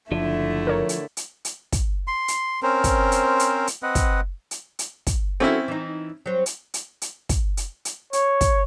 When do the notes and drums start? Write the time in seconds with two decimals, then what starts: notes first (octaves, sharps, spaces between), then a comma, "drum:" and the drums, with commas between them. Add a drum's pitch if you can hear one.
0.12 F#1 D3 F3 A3 D4 E4
0.67 A#4 C#5
0.89 drum: hi-hat
1.17 drum: hi-hat
1.45 drum: hi-hat
1.72 drum: kick, hi-hat
2.07 C6
2.28 drum: hi-hat
2.63 C4 C#4 A#4 C5
2.84 drum: kick, hi-hat
3.12 drum: hi-hat
3.40 drum: hi-hat
3.67 drum: hi-hat
3.83 C4 B4 D#5 F#5
3.95 drum: kick, hi-hat
4.51 drum: hi-hat
4.79 drum: hi-hat
5.07 drum: kick, hi-hat
5.40 A3 C4 C#4 E4 F#4
5.68 E3 D#4
6.26 F#3 C4
6.46 drum: hi-hat
6.74 drum: hi-hat
7.02 drum: hi-hat
7.29 drum: kick, hi-hat
7.57 drum: hi-hat
7.85 drum: hi-hat
8.13 C#5, drum: hi-hat
8.41 drum: kick, hi-hat